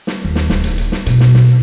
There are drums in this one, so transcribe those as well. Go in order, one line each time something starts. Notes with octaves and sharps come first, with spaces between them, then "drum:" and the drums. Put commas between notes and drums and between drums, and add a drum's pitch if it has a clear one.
drum: snare
D#2
drum: snare
D1, drum: snare
drum: hi-hat
drum: hi-hat
drum: snare
B2, drum: hi-hat
drum: snare
drum: snare